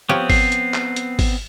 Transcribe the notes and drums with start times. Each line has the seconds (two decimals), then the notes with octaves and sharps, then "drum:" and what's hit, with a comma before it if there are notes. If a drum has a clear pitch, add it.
0.09 F3 B3 C4 G4 C#5
0.30 C7, drum: kick, open hi-hat
0.52 drum: hi-hat
0.74 drum: clap
0.96 drum: hi-hat
1.19 drum: kick, open hi-hat